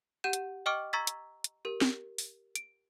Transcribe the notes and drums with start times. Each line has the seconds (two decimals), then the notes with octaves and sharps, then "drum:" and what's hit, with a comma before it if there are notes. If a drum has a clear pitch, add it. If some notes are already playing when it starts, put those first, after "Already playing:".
0.24 G4 F#5 G6 E7
0.33 drum: hi-hat
0.66 D#5 G5 C#6 D6 F6 D7
0.93 A#5 C#6 E6 G#6 A6 B6
1.07 drum: hi-hat
1.44 drum: hi-hat
1.65 G4 A#4
1.81 drum: snare
2.18 drum: open hi-hat
2.55 D7, drum: hi-hat